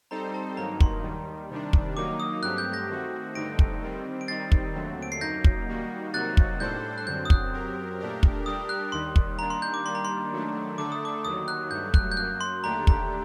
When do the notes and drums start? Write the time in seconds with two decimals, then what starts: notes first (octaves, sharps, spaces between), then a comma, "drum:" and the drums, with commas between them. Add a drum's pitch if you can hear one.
0.11 G3 C4 D#4 A4 C5 A#5
0.34 A5
0.57 G2 D#3 F#3 A#3 D#4 A#5
0.80 C6, drum: kick
1.03 D#2 D#3 G3
1.50 C3 D#3 G3 D4
1.73 drum: kick
1.97 D#3 F#3 A#3 D#4 D6
2.20 D#6
2.43 G2 F#3 A3 C4 G4 F#6
2.58 G6
2.73 G6 A#6
2.90 D#3 A3 C4 F#4
3.35 G2 D3 A3 C4 D#4 A#6 D7
3.59 drum: kick
3.82 D#3 G3 C4
4.21 D7
4.28 D#3 G3 C4 D#4 A6 C7
4.52 drum: kick
4.75 D#2 D3 F#3 A3 C4
5.03 D7
5.12 C7
5.21 F#2 F#3 A#3 D#4 G6 A#6
5.44 drum: kick
5.67 D#3 G3 A#3 D#4 F#4
6.14 C3 F#3 A#3 D#4 F#4 F#6 A6
6.37 drum: kick
6.60 A2 G3 D4 A4 C5 G6
6.98 F#6
7.06 F#2 D3 F#3 C4 G6
7.25 D#6
7.30 F#6, drum: kick
7.53 F#2 F#3 C4 G4 A#4
8.00 A#2 A3 D4 G4 A#4
8.23 drum: kick
8.46 G3 D4 G4 A#4 D#6
8.69 F#6
8.92 D#2 D#3 G3 C6
9.16 drum: kick
9.39 D#3 G3 A#3 D4 A#5
9.50 C6
9.62 G6
9.74 D6
9.85 D#3 G3 A#3 D4 C6
9.95 A#5
10.05 C6
10.32 D#3 F#3 A3 D4
10.78 D3 A3 D4 A4 D6
10.92 D#6
11.05 D6
11.25 D#2 D#3 F#3 D#6
11.48 F#6
11.70 G2 F#3 A3 G6
11.94 F#6, drum: kick
12.12 G6
12.17 F#2 F#3 A#3 F#6
12.41 C6
12.64 D#2 D3 A3 D4 G4 A#5
12.87 A#5, drum: kick